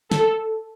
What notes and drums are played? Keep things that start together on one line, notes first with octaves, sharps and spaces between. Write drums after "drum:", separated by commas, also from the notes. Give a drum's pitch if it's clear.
A4, drum: snare